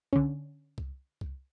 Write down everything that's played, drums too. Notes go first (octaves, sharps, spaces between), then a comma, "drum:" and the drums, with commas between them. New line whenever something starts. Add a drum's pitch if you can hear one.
D3 C#4, drum: kick C2
drum: kick C2
drum: kick C2